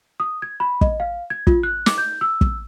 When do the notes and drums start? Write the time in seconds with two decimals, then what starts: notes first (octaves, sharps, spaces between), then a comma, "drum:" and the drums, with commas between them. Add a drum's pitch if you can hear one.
0.20 D#6
0.42 G#6
0.60 B5
0.81 D#5, drum: kick
1.00 F5
1.30 G#6
1.47 F4, drum: kick
1.63 F#6
1.86 D6, drum: snare
1.98 G6
2.21 E6
2.41 drum: kick